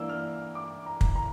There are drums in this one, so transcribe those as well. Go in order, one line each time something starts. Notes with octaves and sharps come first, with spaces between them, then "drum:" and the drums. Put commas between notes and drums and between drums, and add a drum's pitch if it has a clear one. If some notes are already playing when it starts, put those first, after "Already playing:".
Already playing: E3 A#3 D4 E6
F6
D6
A#5
drum: kick
A#5